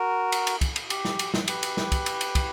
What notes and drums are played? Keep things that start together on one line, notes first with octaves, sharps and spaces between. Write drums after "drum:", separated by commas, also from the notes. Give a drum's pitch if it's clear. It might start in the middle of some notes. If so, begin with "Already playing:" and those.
Already playing: F#4 A#4
drum: cymbal
drum: cymbal
drum: kick, cymbal
drum: cymbal
G4, drum: cymbal
drum: snare
drum: cymbal
drum: snare
G4 B4, drum: cymbal
drum: cymbal
drum: snare
drum: kick, cymbal
drum: cymbal
drum: cymbal
drum: kick, cymbal